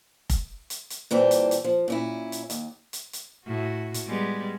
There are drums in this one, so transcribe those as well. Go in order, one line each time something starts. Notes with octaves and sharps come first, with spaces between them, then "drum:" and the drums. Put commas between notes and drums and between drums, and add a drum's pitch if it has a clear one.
drum: kick F1, hi-hat
drum: hi-hat
drum: hi-hat
A#2 E3 G3 C4 A4
drum: hi-hat
drum: hi-hat
F3
A#2 C#4 E4
drum: hi-hat
D#2, drum: hi-hat
drum: hi-hat
drum: hi-hat
A2 F#4
drum: hi-hat
G3 G#3 B3